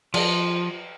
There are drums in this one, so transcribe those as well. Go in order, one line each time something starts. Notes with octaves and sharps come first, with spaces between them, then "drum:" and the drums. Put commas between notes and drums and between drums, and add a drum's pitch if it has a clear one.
F3, drum: cymbal